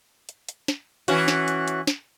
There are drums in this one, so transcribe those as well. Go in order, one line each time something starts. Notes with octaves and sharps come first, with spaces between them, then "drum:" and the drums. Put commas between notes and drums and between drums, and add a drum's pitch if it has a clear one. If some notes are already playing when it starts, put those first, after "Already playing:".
drum: hi-hat
drum: hi-hat
drum: snare
E3 C#4 F#4, drum: hi-hat
drum: snare
drum: hi-hat
drum: hi-hat
drum: snare